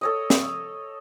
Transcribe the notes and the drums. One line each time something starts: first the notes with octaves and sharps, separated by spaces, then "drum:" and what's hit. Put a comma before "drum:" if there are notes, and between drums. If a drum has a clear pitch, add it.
A4 C#5 D#5
drum: snare